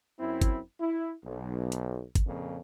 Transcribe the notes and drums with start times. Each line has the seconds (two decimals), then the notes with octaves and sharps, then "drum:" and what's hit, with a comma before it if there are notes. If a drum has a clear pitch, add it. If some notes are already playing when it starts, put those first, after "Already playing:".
0.20 F#2 C4 E4
0.41 drum: kick, hi-hat
0.81 E4
1.25 B1
1.72 drum: hi-hat
2.15 drum: kick, hi-hat
2.27 F2 A#2 C#3